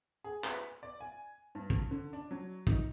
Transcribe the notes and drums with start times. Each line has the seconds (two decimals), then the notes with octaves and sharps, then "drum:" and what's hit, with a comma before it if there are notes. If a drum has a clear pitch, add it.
0.24 G#4
0.44 B4, drum: clap
0.83 D5
1.01 G#5
1.55 G2
1.70 drum: kick
1.91 D3
2.13 D4
2.31 F#3
2.67 D#4, drum: kick